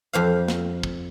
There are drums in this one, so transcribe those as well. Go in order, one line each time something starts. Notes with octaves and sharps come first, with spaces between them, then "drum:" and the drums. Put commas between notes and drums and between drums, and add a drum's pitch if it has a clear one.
F2 C5 F5
drum: snare
drum: kick